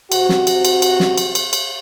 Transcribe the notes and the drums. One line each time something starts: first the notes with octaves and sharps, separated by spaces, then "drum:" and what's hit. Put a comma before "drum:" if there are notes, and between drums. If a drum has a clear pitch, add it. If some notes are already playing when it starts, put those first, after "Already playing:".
C3 F#4, drum: cymbal
drum: snare
drum: cymbal
drum: cymbal
drum: cymbal
drum: snare
drum: cymbal
drum: cymbal
drum: cymbal